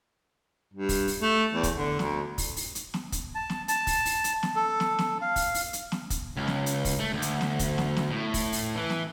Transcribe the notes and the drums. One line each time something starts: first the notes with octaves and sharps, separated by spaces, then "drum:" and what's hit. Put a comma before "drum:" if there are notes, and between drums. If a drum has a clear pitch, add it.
G2
drum: kick, open hi-hat
drum: open hi-hat
A3
E2
drum: kick, hi-hat
D3
D2, drum: snare
drum: kick, open hi-hat
drum: open hi-hat
drum: hi-hat
drum: snare
drum: kick, hi-hat
A5
drum: snare
A5, drum: hi-hat
drum: kick, open hi-hat
drum: open hi-hat
drum: hi-hat
drum: snare
A4
drum: snare
drum: snare
F5
drum: kick, open hi-hat
drum: open hi-hat
drum: hi-hat
drum: snare
drum: kick, hi-hat
C#2
drum: snare
drum: hi-hat
drum: kick, open hi-hat
A3
D2
drum: hi-hat
drum: snare
drum: kick, hi-hat
drum: snare
drum: snare
A2
drum: kick, open hi-hat
drum: open hi-hat
E3
drum: snare